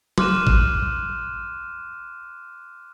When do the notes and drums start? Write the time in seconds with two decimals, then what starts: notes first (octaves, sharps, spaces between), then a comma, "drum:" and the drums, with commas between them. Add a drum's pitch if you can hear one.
0.18 C6 D6 F6 F#6 D#7 E7, drum: tom F#3
0.47 drum: kick